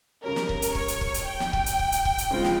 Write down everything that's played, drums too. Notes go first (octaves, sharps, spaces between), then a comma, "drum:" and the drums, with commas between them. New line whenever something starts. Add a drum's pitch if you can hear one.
C#3 G3 C#4 A#4
drum: snare
drum: kick
drum: hi-hat
C#5, drum: kick
drum: hi-hat
drum: kick
drum: hi-hat
G5
drum: snare
drum: kick
drum: hi-hat
drum: kick
drum: hi-hat
drum: kick
drum: hi-hat
C#3 G#3 C4 F4
drum: snare